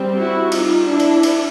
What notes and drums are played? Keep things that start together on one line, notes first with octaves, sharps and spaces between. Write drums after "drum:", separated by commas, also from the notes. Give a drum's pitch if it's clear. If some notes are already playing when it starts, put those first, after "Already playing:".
Already playing: G3 C4
E4 F#4
D#4 F4, drum: cymbal
D4 E4
drum: cymbal
drum: cymbal